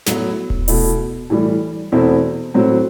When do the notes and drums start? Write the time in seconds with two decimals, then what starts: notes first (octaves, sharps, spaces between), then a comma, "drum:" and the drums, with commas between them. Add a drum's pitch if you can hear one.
0.06 A2 F#3 B3 E4, drum: snare
0.50 drum: kick D#1
0.68 B2 A3 E4, drum: open hi-hat
1.30 A2 E3 G3
1.92 E2 B2 A3 C4 E4
2.54 A2 F#3 C4